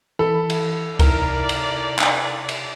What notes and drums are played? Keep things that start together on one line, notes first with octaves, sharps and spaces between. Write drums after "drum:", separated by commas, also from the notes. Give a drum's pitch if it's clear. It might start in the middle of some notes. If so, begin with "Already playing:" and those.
E3 A4 B5
drum: cymbal
C3 D#4 E4 A#4 D5, drum: kick C2, cymbal
drum: cymbal
drum: clap
drum: cymbal